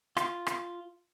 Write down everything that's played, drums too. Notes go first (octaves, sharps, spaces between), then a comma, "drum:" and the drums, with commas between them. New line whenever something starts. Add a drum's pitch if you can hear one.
F4, drum: rim click
drum: rim click